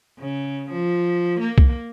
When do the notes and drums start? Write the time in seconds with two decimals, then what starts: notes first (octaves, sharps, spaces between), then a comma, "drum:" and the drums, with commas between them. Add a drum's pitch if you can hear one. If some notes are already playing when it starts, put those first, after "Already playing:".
0.20 C#3
0.71 F3
1.40 A#3
1.58 drum: kick C2